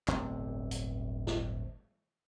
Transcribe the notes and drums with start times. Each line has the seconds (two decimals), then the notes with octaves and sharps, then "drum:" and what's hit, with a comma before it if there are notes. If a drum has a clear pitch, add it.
0.08 D1 G1 C3 C4, drum: clap
0.71 drum: hi-hat
1.27 drum: snare